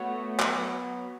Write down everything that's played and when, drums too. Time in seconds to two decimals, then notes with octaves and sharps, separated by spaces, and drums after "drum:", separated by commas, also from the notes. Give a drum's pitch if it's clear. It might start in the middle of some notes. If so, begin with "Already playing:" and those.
Already playing: A3 B3 F#4 C#5
0.40 F#3, drum: clap